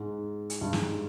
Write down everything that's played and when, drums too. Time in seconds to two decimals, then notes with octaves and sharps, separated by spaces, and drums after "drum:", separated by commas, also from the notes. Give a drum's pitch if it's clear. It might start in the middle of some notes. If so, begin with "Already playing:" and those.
Already playing: G#2
0.50 drum: hi-hat
0.61 G2
0.73 G#2, drum: snare